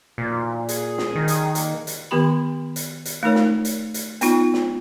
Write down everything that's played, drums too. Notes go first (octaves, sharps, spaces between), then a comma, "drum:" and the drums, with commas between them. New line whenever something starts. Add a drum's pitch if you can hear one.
D2 A#2 D#3 F3
G#4, drum: hi-hat
drum: snare
D#3
drum: hi-hat
G#3 A#3, drum: hi-hat
drum: hi-hat
D#3 B3 G4 B5
drum: hi-hat
drum: hi-hat
A3 D#4 A#4 C#5
drum: snare
drum: hi-hat
drum: hi-hat
B3 D#4 F4, drum: hi-hat
drum: snare